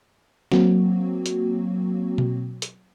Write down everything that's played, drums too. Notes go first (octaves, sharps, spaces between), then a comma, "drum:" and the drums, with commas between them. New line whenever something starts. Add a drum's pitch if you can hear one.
F#3 A#3 C4 F#4, drum: snare
drum: hi-hat
drum: tom B2
drum: hi-hat